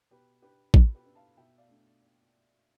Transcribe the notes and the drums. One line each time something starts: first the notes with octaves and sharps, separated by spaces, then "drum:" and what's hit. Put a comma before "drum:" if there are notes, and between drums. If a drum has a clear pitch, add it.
B2 G4 B4
B3 D4 G4 B4
B2 F4 A4, drum: kick A1
G4 B4
B3 D4
F5 A5
B2 E5 G5
D5 F5
A3 D4